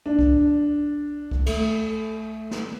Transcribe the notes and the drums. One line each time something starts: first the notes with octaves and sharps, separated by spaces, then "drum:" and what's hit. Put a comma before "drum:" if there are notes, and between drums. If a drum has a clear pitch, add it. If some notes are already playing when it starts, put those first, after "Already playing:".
D4
drum: kick C2
drum: kick C2
A3, drum: cymbal
drum: snare